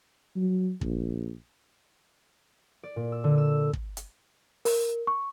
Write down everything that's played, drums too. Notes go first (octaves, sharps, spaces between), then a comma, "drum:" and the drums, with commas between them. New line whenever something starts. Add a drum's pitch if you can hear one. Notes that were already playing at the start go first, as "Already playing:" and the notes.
F#3
A#1, drum: kick
D5
A#2
E6
D3
E6
drum: kick
drum: hi-hat
A#4, drum: open hi-hat
C#6